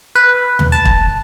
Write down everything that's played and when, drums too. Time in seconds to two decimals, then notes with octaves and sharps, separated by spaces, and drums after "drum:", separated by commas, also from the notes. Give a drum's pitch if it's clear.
0.15 B4
0.59 drum: tom D#2
0.72 A5
0.85 drum: kick